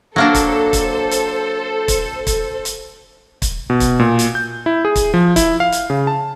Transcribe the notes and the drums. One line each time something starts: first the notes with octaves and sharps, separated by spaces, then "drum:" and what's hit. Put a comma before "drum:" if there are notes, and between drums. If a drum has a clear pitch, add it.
F#3 A#3 D4 A4 C5
drum: kick, hi-hat
drum: kick, hi-hat
drum: hi-hat
drum: kick, hi-hat
drum: kick, hi-hat
drum: hi-hat
drum: kick, hi-hat
B2
drum: kick, hi-hat
A#2
drum: hi-hat
G6
E4
G#4
drum: kick, hi-hat
F3
E4, drum: kick, hi-hat
F5
drum: hi-hat
C#3
A5